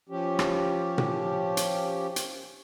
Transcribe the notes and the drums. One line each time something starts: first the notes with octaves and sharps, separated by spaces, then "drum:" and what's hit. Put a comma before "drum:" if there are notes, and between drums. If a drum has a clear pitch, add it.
F3 C#4 G4
drum: rim click
drum: tom A#2
drum: hi-hat
drum: hi-hat